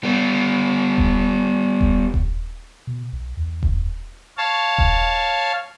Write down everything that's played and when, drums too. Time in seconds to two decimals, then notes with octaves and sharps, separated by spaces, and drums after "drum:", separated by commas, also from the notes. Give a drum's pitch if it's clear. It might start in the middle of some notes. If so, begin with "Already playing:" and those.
0.03 G3 B3
0.98 drum: kick D#1
1.81 drum: kick D#1
2.14 drum: kick D#1
2.87 B2
3.13 B1
3.37 E2
3.63 drum: kick D#1
4.37 C#5 F5 A5
4.78 drum: kick D#1